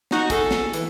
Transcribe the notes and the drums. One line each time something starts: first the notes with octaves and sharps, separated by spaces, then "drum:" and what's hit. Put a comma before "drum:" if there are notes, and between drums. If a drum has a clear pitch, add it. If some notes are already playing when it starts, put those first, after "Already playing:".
D#4 F#4, drum: snare
G#4 A4, drum: kick, hi-hat
drum: snare
E3, drum: hi-hat